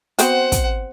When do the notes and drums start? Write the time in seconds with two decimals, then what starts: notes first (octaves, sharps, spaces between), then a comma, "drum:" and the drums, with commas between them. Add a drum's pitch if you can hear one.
0.19 B3 C4 F#4 C5 F#5, drum: hi-hat
0.52 drum: kick, hi-hat